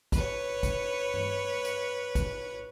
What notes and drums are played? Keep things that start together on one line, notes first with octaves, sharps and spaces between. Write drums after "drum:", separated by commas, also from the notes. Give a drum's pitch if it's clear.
B4 C#5, drum: kick, hi-hat
drum: kick, hi-hat
drum: tom G2
drum: hi-hat
drum: kick, hi-hat